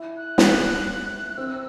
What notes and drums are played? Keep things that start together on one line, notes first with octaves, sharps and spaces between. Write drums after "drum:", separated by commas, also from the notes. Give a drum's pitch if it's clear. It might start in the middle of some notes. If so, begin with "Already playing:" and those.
Already playing: E4
F#6
drum: snare
C4 E6